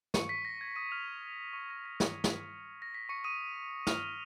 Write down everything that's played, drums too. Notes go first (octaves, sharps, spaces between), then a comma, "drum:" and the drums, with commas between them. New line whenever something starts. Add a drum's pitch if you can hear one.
C#6 C#7, drum: snare
B6
A#6
G#6
D#6 D#7
F6 F7
C#6 C#7
A#6
B6
C#6 C#7, drum: snare
drum: snare
A#6
B6
C#6 C#7
D#6 D#7
F6 F7, drum: snare